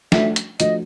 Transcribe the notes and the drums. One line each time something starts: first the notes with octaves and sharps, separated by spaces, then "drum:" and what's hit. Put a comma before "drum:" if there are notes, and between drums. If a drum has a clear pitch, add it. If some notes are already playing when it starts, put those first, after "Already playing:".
F3 A3 D4 F#4 E5, drum: snare
drum: hi-hat
F3 A3 D4 F#4 D#5, drum: hi-hat